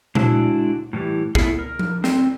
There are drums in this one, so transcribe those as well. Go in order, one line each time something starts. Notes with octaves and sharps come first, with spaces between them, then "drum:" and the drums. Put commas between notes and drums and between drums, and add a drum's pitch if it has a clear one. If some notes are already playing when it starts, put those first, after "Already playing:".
G#3 D4 E4 F#4, drum: tom A#2
A2 E3 G3
A3 B3 E4 G#4 A4, drum: kick
A#4
drum: tom F3
C4, drum: snare